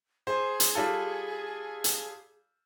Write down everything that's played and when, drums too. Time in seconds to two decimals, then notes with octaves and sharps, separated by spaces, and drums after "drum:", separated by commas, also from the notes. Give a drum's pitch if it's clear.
0.27 G#4 C5
0.60 drum: hi-hat
0.75 G3 F4 A4
1.84 drum: hi-hat